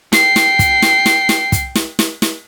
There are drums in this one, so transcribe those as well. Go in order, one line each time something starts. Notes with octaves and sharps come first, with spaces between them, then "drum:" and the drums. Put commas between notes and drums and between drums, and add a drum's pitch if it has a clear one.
G5 C7, drum: snare
drum: snare
drum: kick, hi-hat
drum: snare
drum: snare
drum: snare
drum: kick, hi-hat
drum: snare
drum: snare
drum: snare